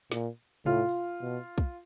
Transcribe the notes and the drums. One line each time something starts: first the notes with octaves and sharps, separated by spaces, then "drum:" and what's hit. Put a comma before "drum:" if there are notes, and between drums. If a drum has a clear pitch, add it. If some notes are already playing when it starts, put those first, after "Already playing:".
A#2, drum: snare
A2 F4, drum: tom C3
drum: open hi-hat
B2
drum: kick